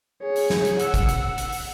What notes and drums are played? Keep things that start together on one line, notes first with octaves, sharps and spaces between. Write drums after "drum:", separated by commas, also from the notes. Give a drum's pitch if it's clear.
G#4 C#5
drum: open hi-hat
drum: snare
drum: hi-hat
F#5 E6, drum: hi-hat
drum: kick, hi-hat
drum: hi-hat
drum: hi-hat
drum: open hi-hat